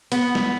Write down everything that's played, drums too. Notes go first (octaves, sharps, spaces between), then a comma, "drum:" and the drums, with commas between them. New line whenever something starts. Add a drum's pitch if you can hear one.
B3, drum: hi-hat
drum: snare